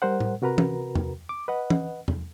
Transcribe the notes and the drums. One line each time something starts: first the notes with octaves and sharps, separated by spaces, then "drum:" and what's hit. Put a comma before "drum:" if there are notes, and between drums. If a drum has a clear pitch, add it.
G3 A#4 C5 F#5
drum: tom A2
C3 F#4 A#4 B4 A#5
drum: tom E3
drum: tom E2
D6
B4 D#5 F#5
drum: tom E3
drum: tom E2